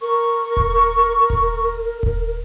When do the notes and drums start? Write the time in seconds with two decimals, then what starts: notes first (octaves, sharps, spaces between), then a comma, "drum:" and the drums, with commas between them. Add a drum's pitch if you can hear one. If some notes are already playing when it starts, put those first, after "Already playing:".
0.02 A#4 C#6
0.57 drum: kick D#1
1.30 drum: kick D#1
2.03 drum: kick D#1